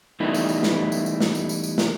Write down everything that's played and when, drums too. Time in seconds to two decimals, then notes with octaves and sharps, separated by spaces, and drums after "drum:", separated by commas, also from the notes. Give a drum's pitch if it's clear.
0.20 E3 G3 A3 B3 D#4 E4
0.34 drum: tambourine
0.49 drum: tambourine
0.63 drum: snare
0.92 drum: tambourine
1.06 drum: tambourine
1.21 drum: snare
1.35 drum: tambourine
1.49 drum: tambourine
1.64 drum: tambourine
1.78 drum: snare